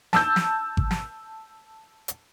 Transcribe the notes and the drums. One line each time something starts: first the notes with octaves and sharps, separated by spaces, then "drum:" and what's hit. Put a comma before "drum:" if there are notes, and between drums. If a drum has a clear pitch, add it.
A5 E6 G6, drum: snare
drum: snare
drum: kick G#1
drum: snare
drum: hi-hat